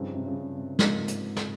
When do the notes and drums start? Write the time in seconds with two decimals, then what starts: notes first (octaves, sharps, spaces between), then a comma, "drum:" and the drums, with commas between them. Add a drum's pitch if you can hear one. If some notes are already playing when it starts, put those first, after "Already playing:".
Already playing: G2 C#3 F3 C4 D#4
0.15 C3
0.26 C#3
0.36 C3
0.57 C3
0.79 G#2 C#3 F3 A#3 D#4, drum: snare
1.08 drum: hi-hat
1.36 drum: snare